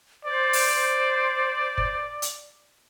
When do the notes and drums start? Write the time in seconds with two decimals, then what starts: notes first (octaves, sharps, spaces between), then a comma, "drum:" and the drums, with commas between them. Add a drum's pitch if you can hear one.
0.25 C5 D5
0.53 drum: open hi-hat
1.78 drum: kick
2.22 drum: hi-hat